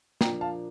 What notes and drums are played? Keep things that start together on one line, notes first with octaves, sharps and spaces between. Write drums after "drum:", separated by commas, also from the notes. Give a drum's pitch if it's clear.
A#2 F3 A#3 D4 G5 A#5, drum: snare
F5 A5